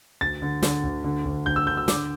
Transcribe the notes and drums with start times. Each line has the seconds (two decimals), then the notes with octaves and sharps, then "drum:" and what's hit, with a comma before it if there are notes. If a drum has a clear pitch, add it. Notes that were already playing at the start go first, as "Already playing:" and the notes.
0.21 D2 A6
0.42 D3
0.62 D3, drum: snare
0.84 D2
1.04 D3
1.25 D2
1.46 D2 G6
1.56 E6
1.67 D3 G6
1.77 E6
1.88 D3 D6, drum: snare